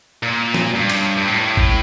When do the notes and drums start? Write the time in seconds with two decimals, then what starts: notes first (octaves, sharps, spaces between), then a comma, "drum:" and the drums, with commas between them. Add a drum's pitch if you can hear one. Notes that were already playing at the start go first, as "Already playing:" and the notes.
0.23 A#2
0.54 drum: snare
0.75 G2
0.90 drum: cymbal
1.17 G2
1.27 A2
1.57 drum: kick G#1